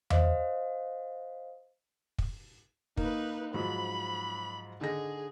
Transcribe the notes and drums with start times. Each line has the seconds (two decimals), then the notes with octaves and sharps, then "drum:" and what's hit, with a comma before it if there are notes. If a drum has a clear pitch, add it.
0.10 C5 D#5 F5, drum: tom E2
2.19 drum: kick
2.97 A#3 D#4 B4, drum: kick
3.54 G#2 F3 F#3 B5
4.81 D3 D#4 G#4 A#6